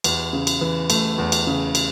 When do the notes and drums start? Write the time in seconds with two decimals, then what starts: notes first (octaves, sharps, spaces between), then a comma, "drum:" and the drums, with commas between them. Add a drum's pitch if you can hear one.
0.04 E2, drum: cymbal
0.33 C#3
0.47 drum: cymbal
0.61 E3
0.90 A3, drum: cymbal
1.18 E2
1.32 drum: cymbal
1.47 C#3
1.75 drum: cymbal